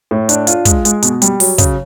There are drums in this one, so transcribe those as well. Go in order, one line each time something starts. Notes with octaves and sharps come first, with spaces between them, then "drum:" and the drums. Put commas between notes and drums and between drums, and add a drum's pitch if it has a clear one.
A2
D4, drum: hi-hat
F4, drum: hi-hat
G#3, drum: kick, hi-hat
G#3, drum: hi-hat
B2, drum: hi-hat
G3, drum: hi-hat
F#3, drum: open hi-hat
C#3, drum: kick, hi-hat